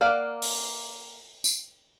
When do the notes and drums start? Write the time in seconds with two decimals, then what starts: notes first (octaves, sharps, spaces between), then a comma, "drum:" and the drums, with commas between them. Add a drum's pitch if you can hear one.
0.01 A#3 D5 F5 F#5
0.42 drum: open hi-hat
1.44 drum: tambourine